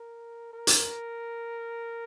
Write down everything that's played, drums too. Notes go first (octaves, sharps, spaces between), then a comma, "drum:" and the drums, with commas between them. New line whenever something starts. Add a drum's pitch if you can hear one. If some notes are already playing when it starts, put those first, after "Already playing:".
Already playing: A#4
A#4
drum: hi-hat